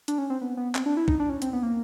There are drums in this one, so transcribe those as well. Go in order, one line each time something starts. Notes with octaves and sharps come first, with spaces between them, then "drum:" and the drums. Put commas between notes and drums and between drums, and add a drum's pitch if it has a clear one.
D4, drum: hi-hat
C#4
C4
B3
B3
C4, drum: clap
D4
E4
D#4, drum: kick
D4
C#4
C4, drum: hi-hat
B3
A#3